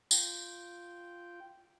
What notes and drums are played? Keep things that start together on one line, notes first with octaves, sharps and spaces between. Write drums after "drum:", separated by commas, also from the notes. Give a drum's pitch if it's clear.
F4 G5, drum: tambourine